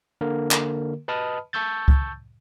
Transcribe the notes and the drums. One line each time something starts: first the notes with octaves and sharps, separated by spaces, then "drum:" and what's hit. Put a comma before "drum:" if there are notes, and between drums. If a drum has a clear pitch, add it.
D3 A#3 A#4
drum: clap
B4 D#5 A5 B5 D#6 F6
A5 C#6 E6 G6 A6
drum: kick